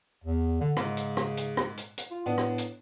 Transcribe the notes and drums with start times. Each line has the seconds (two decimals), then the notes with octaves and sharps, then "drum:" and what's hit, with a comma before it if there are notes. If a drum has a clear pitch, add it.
0.24 E2
0.61 D3
0.77 G#2 C#3, drum: rim click
0.97 drum: hi-hat
1.17 drum: rim click
1.37 drum: hi-hat
1.57 drum: rim click
1.77 drum: hi-hat
1.98 drum: hi-hat
2.11 F4
2.26 A2 B3 D4
2.38 drum: rim click
2.58 drum: hi-hat